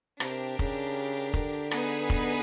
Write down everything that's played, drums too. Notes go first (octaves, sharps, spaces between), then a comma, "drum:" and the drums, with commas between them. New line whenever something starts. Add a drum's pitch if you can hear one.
C3 D4 G4 A#4, drum: rim click
C#3, drum: kick F1
D3, drum: kick F1
B3 D#4 G#4 B4, drum: rim click
drum: kick F1